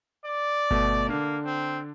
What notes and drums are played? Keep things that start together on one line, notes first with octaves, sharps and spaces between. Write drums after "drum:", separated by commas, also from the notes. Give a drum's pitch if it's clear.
D5
B2 A3, drum: kick G1
D3 A#3 D4
C4